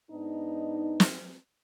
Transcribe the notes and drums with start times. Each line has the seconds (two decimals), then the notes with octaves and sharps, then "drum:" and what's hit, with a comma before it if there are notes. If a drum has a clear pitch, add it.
0.11 G#2 B3 D4 D#4
1.00 drum: snare